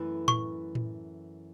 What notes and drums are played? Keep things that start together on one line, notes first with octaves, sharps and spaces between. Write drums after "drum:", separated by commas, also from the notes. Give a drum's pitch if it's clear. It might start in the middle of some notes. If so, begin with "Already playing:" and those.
Already playing: F#2 E3 A3 E4 B4
C#6, drum: tom A2
drum: tom A2